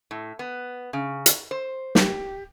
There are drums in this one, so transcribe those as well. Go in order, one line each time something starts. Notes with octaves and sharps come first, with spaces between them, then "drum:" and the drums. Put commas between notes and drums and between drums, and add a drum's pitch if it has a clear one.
A2
B3
C#3
drum: hi-hat
C5
G4, drum: snare